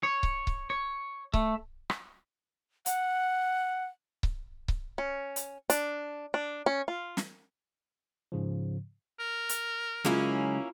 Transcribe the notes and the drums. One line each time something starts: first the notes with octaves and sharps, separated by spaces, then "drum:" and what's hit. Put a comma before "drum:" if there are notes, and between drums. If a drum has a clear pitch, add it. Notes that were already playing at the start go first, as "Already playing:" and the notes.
C#5
drum: kick C#1
drum: kick C#1
C#5
A3, drum: kick C#1
drum: rim click
F#5, drum: hi-hat
drum: kick C#1
drum: kick C#1
C#4
drum: hi-hat
D4, drum: hi-hat
D4
C#4
F4
drum: snare
G#2 C#3 F3
A#4
drum: hi-hat
C#3 F#3 G#3 A#3 C#4 E4 F4